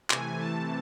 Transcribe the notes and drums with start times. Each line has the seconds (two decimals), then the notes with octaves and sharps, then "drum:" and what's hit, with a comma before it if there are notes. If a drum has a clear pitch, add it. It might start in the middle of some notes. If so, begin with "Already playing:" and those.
0.10 C3 E3 A3 G#5, drum: clap
0.39 A5